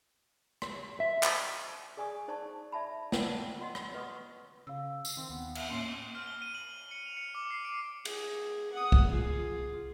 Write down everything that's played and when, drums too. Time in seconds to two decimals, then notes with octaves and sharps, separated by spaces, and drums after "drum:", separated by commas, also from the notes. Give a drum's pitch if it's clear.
0.62 drum: rim click
1.00 E5
1.23 drum: clap
1.97 G#4 D5 G#5 C#6 D#6
2.28 D#4 C5 D5 A5 C#6
2.72 D5 E5 A5 B5
3.12 C#5 D5 F#5 G5, drum: snare
3.61 D#5 F#5 C6
3.75 drum: rim click
3.94 B4 D#5 F#5 C#6 D#6
4.67 C#3 F5 E6
5.05 drum: tambourine
5.17 D#3 C4
5.30 D#2 B3
5.55 E5, drum: cymbal
5.70 A2 A#3 C#4 C6 C7
6.15 F6
6.27 G7
6.42 D#7
6.55 F#7
6.76 F#7
6.91 C#7
7.06 F7
7.17 C#7
7.35 D6
7.51 C7
7.65 D7
8.05 G#4, drum: cymbal
8.73 F#5 D#6
8.92 drum: kick
9.09 F4 G#4